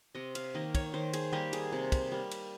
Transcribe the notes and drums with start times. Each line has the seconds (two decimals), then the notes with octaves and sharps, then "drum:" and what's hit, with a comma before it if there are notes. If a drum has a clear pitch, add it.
0.15 C3 D#5
0.35 F5, drum: cymbal
0.55 D#3 A#3 D#5
0.75 C#5, drum: kick, cymbal
0.94 D#3 C5
1.13 G#4, drum: cymbal
1.33 G3 A#3 G4
1.53 G#4, drum: cymbal
1.72 C3
1.92 drum: kick, cymbal
2.12 G3 A#3
2.31 drum: cymbal